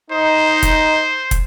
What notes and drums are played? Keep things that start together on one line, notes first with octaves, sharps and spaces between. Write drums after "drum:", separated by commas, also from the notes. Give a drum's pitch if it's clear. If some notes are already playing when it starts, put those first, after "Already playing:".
D#4 C5
drum: kick, hi-hat
drum: kick, hi-hat